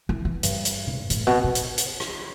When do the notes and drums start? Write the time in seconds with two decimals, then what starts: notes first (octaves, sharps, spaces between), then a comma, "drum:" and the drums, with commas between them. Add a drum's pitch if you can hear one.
0.09 E3
0.25 E3
0.43 G2, drum: hi-hat
0.65 drum: hi-hat
0.87 drum: tom C3
1.10 A2, drum: hi-hat
1.27 B2
1.44 B2
1.55 drum: hi-hat
1.78 drum: hi-hat
2.00 drum: rim click